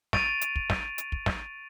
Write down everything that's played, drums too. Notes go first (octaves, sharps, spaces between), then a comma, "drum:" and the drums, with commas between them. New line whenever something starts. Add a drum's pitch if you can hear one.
C#6 A6 D7 D#7 F7, drum: snare
drum: hi-hat
drum: kick
drum: snare
drum: hi-hat
drum: kick
drum: snare